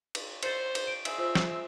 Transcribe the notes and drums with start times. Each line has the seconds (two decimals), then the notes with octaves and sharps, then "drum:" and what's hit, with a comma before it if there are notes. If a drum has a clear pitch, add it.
0.15 drum: cymbal
0.43 C5 A6 C#7, drum: cymbal
0.75 drum: cymbal
0.87 D7
1.05 C4 G#4 E5, drum: cymbal
1.18 F4 C5 E6
1.35 drum: snare